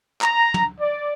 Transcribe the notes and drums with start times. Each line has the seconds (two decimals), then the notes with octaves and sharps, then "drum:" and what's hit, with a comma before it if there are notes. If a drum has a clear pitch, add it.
0.21 A#5, drum: clap
0.54 drum: tom
0.80 D5